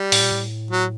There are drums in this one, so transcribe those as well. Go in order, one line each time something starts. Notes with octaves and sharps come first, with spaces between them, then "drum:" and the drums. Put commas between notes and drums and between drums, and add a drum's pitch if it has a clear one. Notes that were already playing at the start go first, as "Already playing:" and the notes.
Already playing: G3
A2, drum: open hi-hat
A#2
A2
F#3